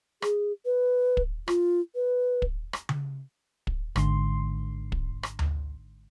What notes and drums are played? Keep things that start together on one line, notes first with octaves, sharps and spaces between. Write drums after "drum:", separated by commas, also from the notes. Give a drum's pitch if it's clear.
G#4, drum: rim click
B4
drum: kick
F4, drum: rim click
B4
drum: kick
drum: rim click
drum: tom C#3
drum: kick
G#1 G#2 D3 C6, drum: rim click
drum: kick
drum: rim click
drum: tom D2